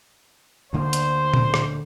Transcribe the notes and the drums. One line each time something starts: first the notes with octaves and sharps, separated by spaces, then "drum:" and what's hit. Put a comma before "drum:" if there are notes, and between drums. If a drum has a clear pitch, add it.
D2 D3 A#3 C5
drum: hi-hat
drum: tom A#2
drum: rim click